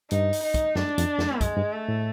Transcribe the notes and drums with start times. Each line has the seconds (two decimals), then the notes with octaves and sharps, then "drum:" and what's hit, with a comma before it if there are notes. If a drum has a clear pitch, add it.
0.11 G2 D#4, drum: hi-hat
0.33 drum: open hi-hat
0.43 D#4
0.54 drum: kick, hi-hat
0.75 F#2 D4, drum: snare
0.98 F2, drum: hi-hat
1.19 F2, drum: snare
1.41 F#2 G#3, drum: kick, hi-hat
1.56 G2
1.72 A3
1.88 A2